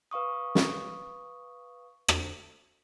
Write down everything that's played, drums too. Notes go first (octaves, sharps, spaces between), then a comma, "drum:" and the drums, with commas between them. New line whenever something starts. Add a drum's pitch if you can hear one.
B4 F5 C#6 D#6
drum: snare
drum: rim click